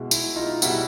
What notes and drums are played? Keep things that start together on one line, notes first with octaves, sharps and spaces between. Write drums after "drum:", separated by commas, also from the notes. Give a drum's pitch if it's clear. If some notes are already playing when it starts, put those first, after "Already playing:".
Already playing: B2 G#3 E4
E4, drum: tambourine
D#4 F4
B2 G3 E4 F#4, drum: tambourine